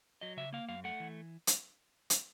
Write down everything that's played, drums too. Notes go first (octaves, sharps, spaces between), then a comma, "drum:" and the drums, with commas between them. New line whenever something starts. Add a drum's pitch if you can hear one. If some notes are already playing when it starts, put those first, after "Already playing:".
F#3 D#5
C#3 E5
A#3 F5
F#2 F5
A3 F#5
E3
drum: hi-hat
drum: hi-hat